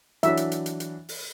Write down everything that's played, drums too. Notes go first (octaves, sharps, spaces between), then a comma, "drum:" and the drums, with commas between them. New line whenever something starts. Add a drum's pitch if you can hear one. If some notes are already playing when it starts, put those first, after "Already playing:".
E3 F#3 D4 E5, drum: hi-hat
drum: hi-hat
drum: hi-hat
drum: hi-hat
drum: hi-hat
drum: open hi-hat